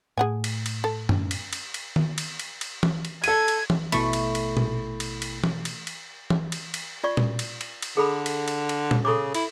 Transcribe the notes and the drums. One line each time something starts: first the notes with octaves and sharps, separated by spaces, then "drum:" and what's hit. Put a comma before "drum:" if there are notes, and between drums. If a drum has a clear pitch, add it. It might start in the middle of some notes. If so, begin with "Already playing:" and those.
A2 G#4 F#5 G#5
drum: cymbal
drum: cymbal
A4
drum: tom F#2
drum: cymbal
drum: cymbal
drum: cymbal
drum: tom D#3
drum: cymbal
drum: cymbal
drum: cymbal
drum: tom E3
drum: cymbal
A4 G#6 D#7, drum: cymbal
drum: cymbal
drum: tom E3
A1 B2 A3 E4 B5 C#6, drum: cymbal
drum: cymbal
drum: cymbal
drum: tom A#2
drum: cymbal
drum: cymbal
drum: tom E3
drum: cymbal
drum: cymbal
drum: tom E3
drum: cymbal
drum: cymbal
F4 D5 C#6
drum: tom A#2
drum: cymbal
drum: cymbal
drum: cymbal
D3 G#4 A4 B5
drum: cymbal
drum: cymbal
drum: cymbal
drum: tom A#2
C#3 A4 C#6 D6
E4, drum: cymbal